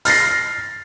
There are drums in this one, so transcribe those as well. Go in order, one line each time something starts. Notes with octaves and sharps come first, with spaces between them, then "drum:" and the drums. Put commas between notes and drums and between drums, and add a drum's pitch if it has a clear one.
F6 A6 A#6 C7, drum: open hi-hat